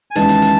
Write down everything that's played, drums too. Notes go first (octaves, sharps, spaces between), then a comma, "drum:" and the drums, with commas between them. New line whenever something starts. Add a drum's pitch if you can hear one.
G#5
D#2 C#3 E3 G#3 B3 A5, drum: hi-hat
drum: hi-hat
drum: hi-hat